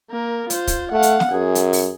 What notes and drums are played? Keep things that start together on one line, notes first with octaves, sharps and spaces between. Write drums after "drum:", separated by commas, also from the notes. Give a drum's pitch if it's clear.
A#3 A#4
F4 C5, drum: hi-hat
drum: kick, hi-hat
A3 F5 F#5
drum: hi-hat
drum: snare
F#2 G#4
drum: hi-hat
drum: open hi-hat